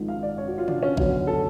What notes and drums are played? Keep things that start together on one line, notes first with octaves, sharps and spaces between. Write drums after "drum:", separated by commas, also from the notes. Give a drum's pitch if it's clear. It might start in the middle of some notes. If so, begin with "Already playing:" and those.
Already playing: G#1 G#2 F3 G#3
F5
D5
C#5
F#4
F4
D4, drum: tom
C#4
F#2 D3 F#3 B3 C#4, drum: kick A1
A4